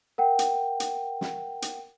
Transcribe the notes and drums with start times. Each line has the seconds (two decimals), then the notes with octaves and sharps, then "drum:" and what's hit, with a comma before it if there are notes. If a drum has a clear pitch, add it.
0.18 A#4 F#5 G5
0.39 drum: hi-hat
0.80 drum: hi-hat
1.21 drum: snare
1.62 drum: hi-hat